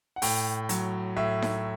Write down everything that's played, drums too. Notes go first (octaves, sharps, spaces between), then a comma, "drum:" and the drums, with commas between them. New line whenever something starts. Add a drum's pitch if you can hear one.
F#5
A2 G5, drum: open hi-hat
F#3, drum: hi-hat
A2 E5
drum: snare D#4